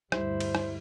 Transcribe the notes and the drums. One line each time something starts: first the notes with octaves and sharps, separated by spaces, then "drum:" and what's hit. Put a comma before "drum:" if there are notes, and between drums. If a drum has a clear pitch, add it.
D2 G2 G3 E4 C5, drum: rim click
drum: cymbal
drum: rim click